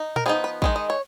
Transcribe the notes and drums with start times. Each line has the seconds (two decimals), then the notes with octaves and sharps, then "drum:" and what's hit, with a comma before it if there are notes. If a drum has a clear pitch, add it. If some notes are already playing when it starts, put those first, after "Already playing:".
Already playing: D#4
0.16 A#4, drum: tom A#2
0.26 F3 B3 D#4 G#4
0.44 B4
0.62 D#3 G#3 D#4, drum: kick
0.76 D#5
0.90 C#5